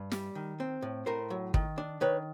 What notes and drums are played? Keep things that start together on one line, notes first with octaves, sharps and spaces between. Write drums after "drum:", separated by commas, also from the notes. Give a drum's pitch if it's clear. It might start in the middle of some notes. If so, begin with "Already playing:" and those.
Already playing: G2
G3, drum: snare
D#3
C4
A2
A2 A#4 C5
F#3
D#3, drum: kick
D4
D#3 B4 C#5